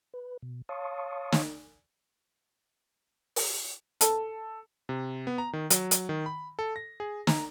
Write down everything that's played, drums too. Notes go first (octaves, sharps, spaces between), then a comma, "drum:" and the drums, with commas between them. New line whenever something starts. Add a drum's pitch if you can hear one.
B4
B2
C#5 F5 A5 C6 C#6 D#6
drum: snare
drum: open hi-hat
A4, drum: hi-hat
C3
B3
A#5
D#3
F#3, drum: hi-hat
drum: hi-hat
D#3
B5
A4
A#6
G#4
A#5, drum: snare